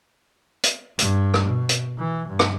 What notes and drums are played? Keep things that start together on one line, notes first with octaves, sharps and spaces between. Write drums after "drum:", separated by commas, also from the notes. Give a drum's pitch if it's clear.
drum: hi-hat
G2, drum: hi-hat
drum: rim click
B2
drum: hi-hat
E3
G2
drum: rim click